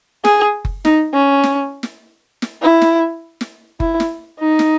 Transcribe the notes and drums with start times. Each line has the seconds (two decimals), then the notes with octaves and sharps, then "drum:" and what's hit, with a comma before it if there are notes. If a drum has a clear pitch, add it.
0.25 G#4, drum: snare
0.65 drum: kick F#1
0.85 D#4, drum: snare
1.13 C#4
1.44 drum: snare
1.83 drum: snare
2.42 drum: snare
2.62 E4
2.82 drum: snare
3.41 drum: snare
3.80 E4, drum: kick F#1
4.00 drum: snare
4.39 D#4
4.59 drum: snare